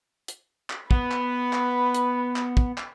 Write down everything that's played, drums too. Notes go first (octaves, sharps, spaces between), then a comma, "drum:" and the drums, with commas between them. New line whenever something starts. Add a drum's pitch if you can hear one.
drum: hi-hat
drum: clap
B3 B4, drum: kick
drum: clap
drum: clap
drum: hi-hat
drum: clap
drum: kick
drum: clap